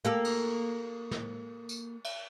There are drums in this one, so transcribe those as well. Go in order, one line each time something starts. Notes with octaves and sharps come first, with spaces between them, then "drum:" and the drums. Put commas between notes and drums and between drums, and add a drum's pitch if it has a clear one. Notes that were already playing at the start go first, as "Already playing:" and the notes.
A#3 G4 A4
drum: cymbal
drum: snare
drum: tambourine
drum: cymbal